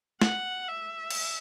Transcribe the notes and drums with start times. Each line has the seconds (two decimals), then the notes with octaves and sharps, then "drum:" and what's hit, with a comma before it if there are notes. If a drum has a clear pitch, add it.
0.22 F#5, drum: snare
0.68 E5
1.10 drum: cymbal